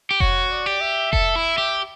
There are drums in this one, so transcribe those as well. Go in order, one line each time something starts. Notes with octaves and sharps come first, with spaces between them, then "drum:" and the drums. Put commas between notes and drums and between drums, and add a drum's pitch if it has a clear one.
G4
F#4 C#5, drum: kick F1
D5
G4
E5
A4, drum: kick F1
E4
G4